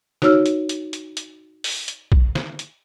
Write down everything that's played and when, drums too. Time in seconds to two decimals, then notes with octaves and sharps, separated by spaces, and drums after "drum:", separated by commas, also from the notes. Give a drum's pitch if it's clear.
0.22 D#4 F#4 C#5 E6 F6, drum: snare
0.46 drum: hi-hat
0.69 drum: hi-hat
0.93 drum: hi-hat
1.17 drum: hi-hat
1.64 drum: open hi-hat
1.88 drum: hi-hat
2.12 drum: kick A#1
2.35 drum: snare
2.59 drum: hi-hat